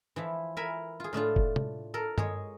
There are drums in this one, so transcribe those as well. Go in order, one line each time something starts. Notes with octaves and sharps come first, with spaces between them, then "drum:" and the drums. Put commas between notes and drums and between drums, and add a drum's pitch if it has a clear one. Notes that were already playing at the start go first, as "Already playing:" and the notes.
E3 F3 E4
A#4 E5 G#5 B5
F4 G#4
A2 A3 D4 F4
drum: kick F1
drum: tom C3
A4 A#4
G#3 G#4 C#5, drum: tom G2